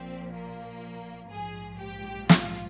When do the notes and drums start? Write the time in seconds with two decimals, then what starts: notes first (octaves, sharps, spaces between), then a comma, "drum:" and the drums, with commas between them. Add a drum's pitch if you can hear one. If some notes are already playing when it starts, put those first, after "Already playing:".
Already playing: A#1 A#2 F3 C4
0.33 A#3
1.31 A#1 G#2 F3 G#4
1.80 G4
2.29 F4, drum: snare